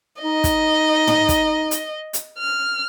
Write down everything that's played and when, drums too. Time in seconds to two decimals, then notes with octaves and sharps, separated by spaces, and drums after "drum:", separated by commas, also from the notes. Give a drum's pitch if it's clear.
0.23 D#4 D#5
0.44 drum: kick, hi-hat
1.07 drum: tom
1.29 drum: kick, hi-hat
1.71 drum: hi-hat
2.13 drum: hi-hat
2.38 F6